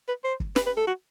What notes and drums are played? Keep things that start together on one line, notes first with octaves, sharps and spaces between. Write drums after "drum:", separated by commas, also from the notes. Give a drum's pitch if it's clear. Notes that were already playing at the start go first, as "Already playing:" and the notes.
B4
C5
drum: kick
B4, drum: snare
B4
A4
F#4